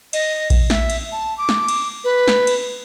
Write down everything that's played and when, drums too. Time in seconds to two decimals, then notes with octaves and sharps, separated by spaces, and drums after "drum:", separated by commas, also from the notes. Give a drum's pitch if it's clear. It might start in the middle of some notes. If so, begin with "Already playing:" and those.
0.13 D#5, drum: cymbal
0.50 drum: kick A#1, cymbal
0.70 E5, drum: snare
0.90 drum: cymbal
1.12 A5
1.38 D6
1.49 drum: snare
1.68 drum: cymbal
2.04 B4
2.28 drum: snare
2.47 drum: cymbal